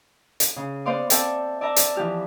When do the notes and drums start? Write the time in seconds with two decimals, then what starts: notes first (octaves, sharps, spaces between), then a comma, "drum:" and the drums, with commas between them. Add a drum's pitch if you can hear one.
0.40 drum: hi-hat
0.56 C#3
0.85 B3 C5 D5 F5 C6 D6
1.10 C4 A4 D5 E5 G5 A5, drum: hi-hat
1.61 D5 E5 A5 A#5
1.76 drum: hi-hat
1.96 E3 F3 G4 F6